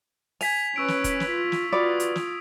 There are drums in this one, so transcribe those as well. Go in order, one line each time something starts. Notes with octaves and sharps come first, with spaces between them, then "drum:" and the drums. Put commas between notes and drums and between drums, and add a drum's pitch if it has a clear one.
G#5 G#6 B6 F7, drum: open hi-hat
C#4 B4 C#6 E6 D7
drum: snare
drum: kick, hi-hat
drum: snare
F4
drum: snare
F4 F#4 B4 D5 D#6
drum: hi-hat
drum: snare